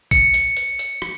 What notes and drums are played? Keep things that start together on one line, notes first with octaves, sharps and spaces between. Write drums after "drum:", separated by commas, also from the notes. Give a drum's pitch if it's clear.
C#7, drum: kick, hi-hat
drum: hi-hat
drum: hi-hat
drum: hi-hat
drum: rim click